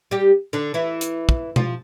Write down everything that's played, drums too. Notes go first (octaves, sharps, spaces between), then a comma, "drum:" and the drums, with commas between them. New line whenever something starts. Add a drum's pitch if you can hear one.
G3 G4
D3 D4
E3 E4
drum: hi-hat
drum: kick
F3 F4, drum: tom B2